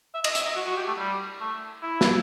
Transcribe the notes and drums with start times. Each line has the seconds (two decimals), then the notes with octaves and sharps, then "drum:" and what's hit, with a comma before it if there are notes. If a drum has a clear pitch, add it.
0.14 E5
0.24 D#5, drum: cymbal
0.35 E5, drum: hi-hat
0.45 D#5
0.56 F#4
0.67 F#4
0.77 G4
0.87 A3
0.98 G3
1.40 A3
1.83 E4
2.01 drum: snare